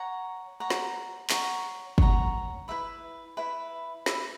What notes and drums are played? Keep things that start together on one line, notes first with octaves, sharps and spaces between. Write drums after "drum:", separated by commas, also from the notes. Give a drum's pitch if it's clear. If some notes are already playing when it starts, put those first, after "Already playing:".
Already playing: C#5 F#5 A#5
C#5 F#5 A#5
drum: snare
C#5 F#5 A#5, drum: clap
C#5 F#5 A#5, drum: kick
E4 B4 E5 B5
E4 B4 E5 B5
E4 B4 E5 B5, drum: snare